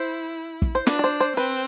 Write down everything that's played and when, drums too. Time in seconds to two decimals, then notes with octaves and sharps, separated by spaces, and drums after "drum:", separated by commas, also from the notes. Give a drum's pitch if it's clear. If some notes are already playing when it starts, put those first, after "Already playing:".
Already playing: E4 C5
0.62 drum: kick
0.75 C5
0.87 D4 B4, drum: snare
0.99 D5
1.04 C5
1.20 C5
1.37 C4 B4